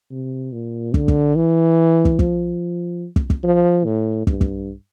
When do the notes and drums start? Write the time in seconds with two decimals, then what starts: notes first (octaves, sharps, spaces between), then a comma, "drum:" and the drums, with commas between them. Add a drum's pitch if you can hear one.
0.11 C3
0.52 A#2
0.94 D3, drum: kick
1.08 drum: kick
1.36 E3
2.05 drum: kick
2.19 F3, drum: kick
3.16 drum: kick
3.30 drum: kick
3.43 F3
3.85 A2
4.27 G2, drum: kick
4.41 drum: kick